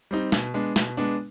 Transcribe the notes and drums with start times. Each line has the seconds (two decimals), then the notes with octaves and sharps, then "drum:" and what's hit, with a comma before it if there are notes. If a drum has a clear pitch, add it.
0.11 G3 C4 D#4
0.32 B2, drum: snare
0.54 G#3 B3 D4
0.76 B2, drum: snare
0.97 G#3 B3 D4